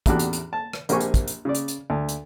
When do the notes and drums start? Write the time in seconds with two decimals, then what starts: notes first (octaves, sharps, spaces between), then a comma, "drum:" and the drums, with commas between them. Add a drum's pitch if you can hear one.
0.06 A1 E2 D4 F#4 G4 F#6, drum: kick, hi-hat
0.19 drum: hi-hat
0.33 drum: hi-hat
0.53 A5
0.73 drum: rim click
0.89 A#1 A#3 C4 G4 G#5 C#6, drum: hi-hat
1.00 drum: hi-hat
1.14 drum: kick, hi-hat
1.28 drum: hi-hat
1.45 C#3 D5
1.55 drum: hi-hat
1.68 drum: hi-hat
1.90 D2
2.09 drum: hi-hat